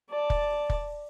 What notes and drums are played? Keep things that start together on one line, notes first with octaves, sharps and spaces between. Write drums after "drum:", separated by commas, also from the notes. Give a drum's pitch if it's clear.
D5 A5
drum: kick
drum: kick